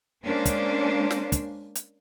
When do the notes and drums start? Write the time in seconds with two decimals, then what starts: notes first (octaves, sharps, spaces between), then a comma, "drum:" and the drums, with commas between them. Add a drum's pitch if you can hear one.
0.24 G#3 A#3 C#4 D4 C5
0.46 drum: kick, hi-hat
1.11 drum: snare
1.32 drum: kick, hi-hat
1.76 drum: hi-hat